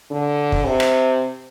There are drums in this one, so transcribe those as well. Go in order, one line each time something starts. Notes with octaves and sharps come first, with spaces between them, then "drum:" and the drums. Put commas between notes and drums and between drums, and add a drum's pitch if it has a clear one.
D3
drum: kick
C3
drum: rim click